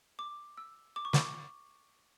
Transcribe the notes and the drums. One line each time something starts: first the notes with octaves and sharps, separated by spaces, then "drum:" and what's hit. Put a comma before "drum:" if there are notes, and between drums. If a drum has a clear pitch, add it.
D6
E6
D6
C#6
D6, drum: snare